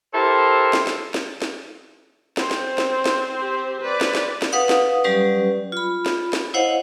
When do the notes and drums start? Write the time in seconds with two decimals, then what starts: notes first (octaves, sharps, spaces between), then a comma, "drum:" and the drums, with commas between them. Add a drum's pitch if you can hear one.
0.14 E4 G4 A4 A#4 C5
0.73 drum: snare
0.87 drum: snare
1.14 drum: snare
1.42 drum: snare
2.37 C4 C5, drum: snare
2.51 drum: snare
2.78 drum: snare
3.05 drum: snare
3.41 G4
3.81 B4 D5
4.01 drum: snare
4.15 drum: snare
4.42 drum: snare
4.52 B4 F5 F#5 D#6
4.69 drum: snare
5.04 F#3 G3 C#4 G4 B4 D5
5.72 F4 B5
6.06 drum: snare
6.33 drum: snare
6.54 E4 C5 C#5 D#5 F5 F#5